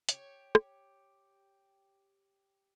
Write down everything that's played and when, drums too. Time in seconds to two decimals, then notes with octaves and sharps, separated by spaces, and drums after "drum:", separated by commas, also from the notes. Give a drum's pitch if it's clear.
0.09 G4 C#5, drum: hi-hat
0.55 drum: rim click